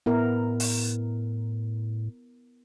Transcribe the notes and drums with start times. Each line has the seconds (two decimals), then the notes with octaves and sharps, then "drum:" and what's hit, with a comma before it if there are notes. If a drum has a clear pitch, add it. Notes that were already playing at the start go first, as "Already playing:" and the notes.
0.06 A2 B3 E4 A#4
0.60 drum: open hi-hat